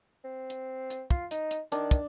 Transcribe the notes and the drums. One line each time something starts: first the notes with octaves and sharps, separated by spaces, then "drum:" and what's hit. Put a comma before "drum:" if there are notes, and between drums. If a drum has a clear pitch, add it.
C4
drum: hi-hat
drum: hi-hat
F4, drum: kick
D#4, drum: hi-hat
drum: hi-hat
D#3 D4, drum: hi-hat
drum: kick, hi-hat